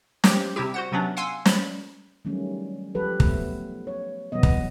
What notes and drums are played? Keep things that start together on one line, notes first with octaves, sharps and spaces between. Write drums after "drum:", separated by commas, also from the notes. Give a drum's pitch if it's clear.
G4 C5 G5 D6 G6, drum: snare
C3 G3 C4 E4 G4
F#4 C5 F#5
C3 F#3 B3 C#4 D4
F5 F#5 G#5 C6 E6
C5 D5 B5, drum: snare
D#3 F#3 G3 A3 C#4
F3 F#3 G4 A4 B4
A3 B3, drum: kick
C#5
B2 E3 F#3 G3 B3 D#5
drum: kick